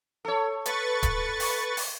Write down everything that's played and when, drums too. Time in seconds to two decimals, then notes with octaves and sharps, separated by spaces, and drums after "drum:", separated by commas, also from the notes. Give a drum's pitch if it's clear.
0.25 A4 C#5
0.66 B4 C#6 A6, drum: hi-hat
1.03 drum: kick D1, hi-hat
1.40 drum: open hi-hat
1.77 drum: open hi-hat